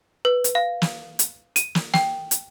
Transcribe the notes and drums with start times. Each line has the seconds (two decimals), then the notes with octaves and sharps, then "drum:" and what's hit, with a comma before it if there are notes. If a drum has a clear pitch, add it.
0.25 B4
0.44 drum: hi-hat
0.55 F5
0.82 drum: snare
1.19 drum: hi-hat
1.56 D#7, drum: hi-hat
1.75 drum: snare
1.94 G5, drum: snare
2.31 drum: hi-hat